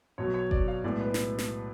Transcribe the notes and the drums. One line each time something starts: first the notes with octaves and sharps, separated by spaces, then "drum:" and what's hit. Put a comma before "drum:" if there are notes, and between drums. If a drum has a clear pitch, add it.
B1 B2 F#3 C#5
C#5
D5, drum: kick F#1
F5
B1 A2 G#3 B3 D5
B4
drum: snare
drum: snare